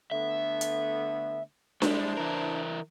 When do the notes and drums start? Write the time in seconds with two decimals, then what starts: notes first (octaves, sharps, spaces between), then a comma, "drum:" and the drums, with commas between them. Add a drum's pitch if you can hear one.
0.11 D3 A3 B3 E5
0.61 drum: hi-hat
1.82 G3 G#3 D4 E4 C5, drum: snare D4
2.17 E3 A#4